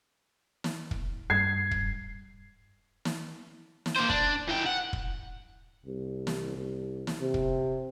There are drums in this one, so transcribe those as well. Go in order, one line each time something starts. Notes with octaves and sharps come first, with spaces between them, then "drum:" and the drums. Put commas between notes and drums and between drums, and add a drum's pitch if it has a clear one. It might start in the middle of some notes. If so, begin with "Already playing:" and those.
drum: snare
drum: kick
G2 G#6 C7
drum: kick
drum: snare
drum: snare
A#3 C5
D4, drum: kick
E3 G5
F#5
drum: kick
C2
drum: snare
C2
drum: snare
C3
drum: kick